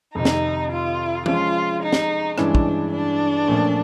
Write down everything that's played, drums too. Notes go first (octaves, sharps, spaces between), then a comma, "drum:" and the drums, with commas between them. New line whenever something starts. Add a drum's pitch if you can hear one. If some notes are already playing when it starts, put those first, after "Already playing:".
F2 C3 D#3 D#4
drum: snare
F4
F3 G#3 C#4 F4, drum: tom
D#4
drum: snare
G2 E3 G#3 C#4 D4 E4, drum: rim click
drum: kick
D4
A#2 F3 A3 C#4